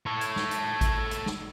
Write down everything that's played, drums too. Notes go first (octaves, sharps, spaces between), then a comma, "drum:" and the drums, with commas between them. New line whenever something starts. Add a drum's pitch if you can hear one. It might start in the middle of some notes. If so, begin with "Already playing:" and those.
A4 C#5
drum: hi-hat
drum: snare
drum: hi-hat
drum: kick G#1, hi-hat
drum: hi-hat
drum: snare